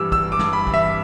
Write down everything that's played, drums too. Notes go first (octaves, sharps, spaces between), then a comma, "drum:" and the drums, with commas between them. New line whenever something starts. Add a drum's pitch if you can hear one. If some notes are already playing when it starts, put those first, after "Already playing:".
Already playing: G2 E3 G3 D6 E6
G3 E6, drum: kick
D6
G2, drum: snare
B5
E3, drum: kick
E5